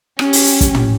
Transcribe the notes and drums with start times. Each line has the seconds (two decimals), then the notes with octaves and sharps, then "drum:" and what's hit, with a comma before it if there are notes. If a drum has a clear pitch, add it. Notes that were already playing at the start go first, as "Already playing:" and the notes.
0.19 C#4 G4, drum: rim click
0.33 drum: open hi-hat
0.47 drum: hi-hat
0.61 drum: kick, hi-hat
0.75 drum: tom